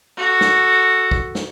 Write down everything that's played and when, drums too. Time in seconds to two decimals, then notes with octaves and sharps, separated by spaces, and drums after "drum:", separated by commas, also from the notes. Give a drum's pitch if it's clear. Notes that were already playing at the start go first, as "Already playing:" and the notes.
0.17 F#4 A4
0.41 drum: snare
1.11 drum: kick
1.35 drum: snare